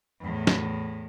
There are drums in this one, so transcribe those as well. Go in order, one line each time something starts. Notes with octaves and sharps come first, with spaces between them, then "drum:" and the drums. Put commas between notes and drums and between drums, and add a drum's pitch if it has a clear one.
E2 A2
drum: snare